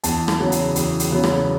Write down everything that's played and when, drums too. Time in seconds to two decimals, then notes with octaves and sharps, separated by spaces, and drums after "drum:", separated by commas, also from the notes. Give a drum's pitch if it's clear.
0.04 E2 A5, drum: hi-hat
0.28 drum: rim click
0.40 C#3 F#3 B3
0.52 drum: hi-hat
0.76 E2, drum: hi-hat
1.00 drum: hi-hat
1.11 C#3 F#3 B3
1.23 drum: rim click